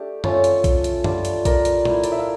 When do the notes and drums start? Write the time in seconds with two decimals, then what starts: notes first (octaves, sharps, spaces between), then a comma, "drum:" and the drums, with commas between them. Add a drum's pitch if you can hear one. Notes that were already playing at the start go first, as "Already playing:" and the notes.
Already playing: A3 D4 G4
0.24 A3 C#4 F4 A4 C#5, drum: tom F#2
0.44 drum: hi-hat
0.64 drum: kick B1, hi-hat
0.84 drum: hi-hat
1.04 G3 D4 F4, drum: tom F#2
1.25 drum: hi-hat
1.45 A#4 D5, drum: kick B1, hi-hat
1.65 drum: hi-hat
1.85 A3 E4, drum: tom A#2
2.04 D5, drum: hi-hat
2.12 E5
2.19 F5